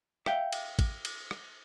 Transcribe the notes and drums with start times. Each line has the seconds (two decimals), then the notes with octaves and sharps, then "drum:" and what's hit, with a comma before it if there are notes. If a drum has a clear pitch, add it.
0.26 E5 F5 G5, drum: rim click
0.53 drum: cymbal
0.79 drum: kick A1, cymbal
1.05 drum: cymbal
1.31 drum: rim click